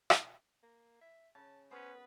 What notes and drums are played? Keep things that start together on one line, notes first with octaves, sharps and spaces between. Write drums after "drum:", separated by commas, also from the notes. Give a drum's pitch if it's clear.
drum: rim click
A#3
E5
C#3 A5
B3 C#4 B4 C5